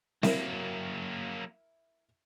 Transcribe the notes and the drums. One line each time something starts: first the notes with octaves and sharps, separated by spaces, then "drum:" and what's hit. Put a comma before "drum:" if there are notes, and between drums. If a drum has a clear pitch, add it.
F#3 A#3 E4 A#4, drum: snare C4